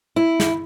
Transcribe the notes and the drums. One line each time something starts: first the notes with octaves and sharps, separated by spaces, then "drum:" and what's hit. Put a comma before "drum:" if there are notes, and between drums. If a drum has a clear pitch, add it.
E4
drum: snare